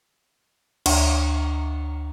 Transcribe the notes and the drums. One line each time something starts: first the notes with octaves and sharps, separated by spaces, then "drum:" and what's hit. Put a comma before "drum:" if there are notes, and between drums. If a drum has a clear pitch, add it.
D2, drum: cymbal